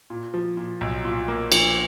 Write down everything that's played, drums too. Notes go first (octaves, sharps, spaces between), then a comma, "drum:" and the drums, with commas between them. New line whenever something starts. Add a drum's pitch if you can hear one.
A#2
F3
A#2
B1
A#2
A#3
F3, drum: cymbal